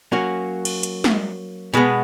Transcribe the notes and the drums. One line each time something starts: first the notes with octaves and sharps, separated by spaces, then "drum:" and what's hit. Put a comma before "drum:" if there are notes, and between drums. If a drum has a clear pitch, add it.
F#3 A#3 C#4 F#4
drum: cymbal
drum: hi-hat
drum: snare
B2 G#3 B3